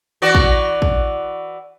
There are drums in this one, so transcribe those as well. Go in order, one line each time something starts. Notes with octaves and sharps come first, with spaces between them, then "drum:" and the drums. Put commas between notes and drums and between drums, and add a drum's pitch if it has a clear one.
E3 F#4 D5
drum: kick
drum: kick